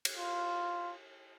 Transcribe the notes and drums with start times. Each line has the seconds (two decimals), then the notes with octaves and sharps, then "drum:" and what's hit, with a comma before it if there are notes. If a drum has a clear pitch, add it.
0.05 drum: cymbal
0.17 F4